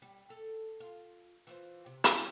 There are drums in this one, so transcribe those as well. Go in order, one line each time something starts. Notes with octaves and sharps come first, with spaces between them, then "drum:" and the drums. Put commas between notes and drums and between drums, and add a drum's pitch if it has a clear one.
G3
A4
F4
E3 F4 C5
C3
C#4 E4 G4, drum: hi-hat